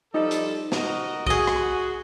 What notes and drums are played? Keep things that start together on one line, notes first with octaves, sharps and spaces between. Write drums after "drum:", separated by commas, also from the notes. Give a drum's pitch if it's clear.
F3 G3 D#4 A4
drum: hi-hat
F#4 A#4 D#5, drum: snare
F#4 G#4 D#5, drum: kick C2
drum: rim click